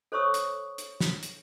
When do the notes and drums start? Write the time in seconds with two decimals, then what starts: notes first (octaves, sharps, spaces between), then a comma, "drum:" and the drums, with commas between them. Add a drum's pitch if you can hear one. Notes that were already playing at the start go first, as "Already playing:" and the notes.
0.12 A4 C5 C#5 C#6 D#6 E6
0.34 drum: hi-hat
0.78 drum: hi-hat
1.00 drum: snare
1.23 drum: hi-hat